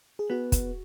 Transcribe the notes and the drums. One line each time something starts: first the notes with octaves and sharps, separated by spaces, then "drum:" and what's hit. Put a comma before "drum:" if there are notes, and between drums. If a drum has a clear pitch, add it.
G#4
B3 F#4
drum: kick, hi-hat